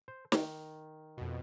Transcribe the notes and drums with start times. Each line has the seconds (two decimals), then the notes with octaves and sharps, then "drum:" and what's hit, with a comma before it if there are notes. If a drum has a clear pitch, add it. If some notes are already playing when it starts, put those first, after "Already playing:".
0.08 C5
0.32 D#3, drum: snare
1.18 F2 B2